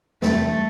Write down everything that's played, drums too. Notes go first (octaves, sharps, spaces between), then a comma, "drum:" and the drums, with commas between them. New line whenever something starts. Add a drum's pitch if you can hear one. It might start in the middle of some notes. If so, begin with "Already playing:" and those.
E2 C3 G3 A3 D4, drum: snare